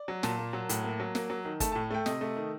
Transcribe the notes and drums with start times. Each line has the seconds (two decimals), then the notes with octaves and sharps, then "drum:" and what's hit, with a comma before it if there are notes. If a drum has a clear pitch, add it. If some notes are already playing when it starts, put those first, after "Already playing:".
Already playing: D5
0.08 F#3
0.23 A#2 A5, drum: snare
0.38 A#3
0.53 F#3
0.69 A2, drum: hi-hat
0.84 A#3
1.00 F#3
1.15 A#3, drum: snare
1.30 F#3
1.45 D#3
1.60 A3 A5, drum: kick, hi-hat
1.72 A2 A5
1.91 A3 G5
2.06 C3 D#5, drum: snare
2.21 A3
2.36 D#3